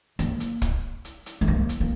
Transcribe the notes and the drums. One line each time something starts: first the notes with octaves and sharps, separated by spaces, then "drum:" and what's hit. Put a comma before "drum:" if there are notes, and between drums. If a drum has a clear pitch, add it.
A#3, drum: hi-hat
drum: hi-hat
drum: kick, hi-hat
drum: hi-hat
drum: hi-hat
A3
A#3
drum: hi-hat
A#3